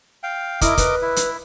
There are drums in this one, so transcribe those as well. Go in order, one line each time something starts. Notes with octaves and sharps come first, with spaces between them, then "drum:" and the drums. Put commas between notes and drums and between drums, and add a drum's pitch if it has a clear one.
F5 G5
E4 A#4 D#5 D6, drum: kick, hi-hat
B4, drum: kick, hi-hat
E4
drum: hi-hat